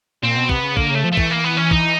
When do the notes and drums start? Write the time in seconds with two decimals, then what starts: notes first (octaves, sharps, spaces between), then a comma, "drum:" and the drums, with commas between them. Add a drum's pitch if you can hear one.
0.23 A#2 C4
0.37 B2
0.49 C3 B3, drum: kick
0.63 C#3
0.77 D3 A#3, drum: kick
0.90 C#3
0.95 A3
1.04 F3
1.12 A3
1.17 E3, drum: kick
1.31 A#3
1.44 B3
1.57 C#4
1.71 D#4, drum: kick